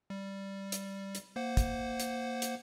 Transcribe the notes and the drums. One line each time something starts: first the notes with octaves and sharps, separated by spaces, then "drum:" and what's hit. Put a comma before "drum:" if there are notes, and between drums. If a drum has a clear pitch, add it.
G3
drum: hi-hat
drum: hi-hat
A#3 C5 F#5
drum: kick, hi-hat
drum: hi-hat
drum: hi-hat